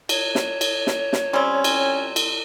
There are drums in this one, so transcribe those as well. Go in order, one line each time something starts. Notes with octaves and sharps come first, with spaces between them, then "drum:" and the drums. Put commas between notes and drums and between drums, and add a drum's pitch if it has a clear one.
C#5, drum: cymbal
drum: snare
drum: cymbal
drum: snare
drum: snare
G3 C4 C#4
drum: cymbal
drum: cymbal